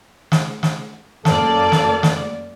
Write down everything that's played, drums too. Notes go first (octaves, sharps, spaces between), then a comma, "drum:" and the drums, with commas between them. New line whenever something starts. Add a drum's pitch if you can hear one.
drum: snare
drum: snare
F#2 A#3 A4 D5, drum: snare
drum: snare
drum: snare